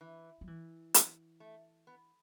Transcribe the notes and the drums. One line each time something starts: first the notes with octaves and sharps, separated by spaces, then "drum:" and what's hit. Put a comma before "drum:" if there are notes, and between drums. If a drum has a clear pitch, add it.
E3
F#3
E3
F#3, drum: hi-hat
A3
B3